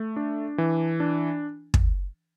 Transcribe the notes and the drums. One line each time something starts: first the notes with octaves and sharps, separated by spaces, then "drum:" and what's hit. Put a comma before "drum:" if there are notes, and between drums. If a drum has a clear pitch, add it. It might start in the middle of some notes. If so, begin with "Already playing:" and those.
Already playing: A3
D4
E3
D4
drum: kick